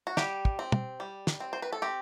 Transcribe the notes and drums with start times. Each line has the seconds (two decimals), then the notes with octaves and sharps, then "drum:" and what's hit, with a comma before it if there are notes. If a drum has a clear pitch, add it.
0.07 F#4
0.17 G3 G4, drum: snare
0.45 drum: kick
0.59 C4
0.72 drum: tom
1.00 G3
1.27 drum: snare
1.40 C4
1.53 C5
1.62 B4
1.72 A4
1.82 C4 G4